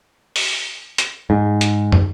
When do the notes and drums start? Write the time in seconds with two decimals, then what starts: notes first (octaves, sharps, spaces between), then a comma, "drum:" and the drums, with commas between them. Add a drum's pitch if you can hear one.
0.36 drum: open hi-hat
0.98 drum: hi-hat
1.30 G#2
1.61 drum: hi-hat
1.92 drum: tom